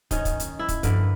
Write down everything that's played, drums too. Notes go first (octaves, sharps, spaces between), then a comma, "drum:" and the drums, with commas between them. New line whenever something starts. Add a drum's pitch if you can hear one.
D#3 C#4 D#5, drum: kick, hi-hat
drum: kick, hi-hat
drum: hi-hat
E4
drum: kick, hi-hat
G2 D3 F3 A#4 B4, drum: kick, hi-hat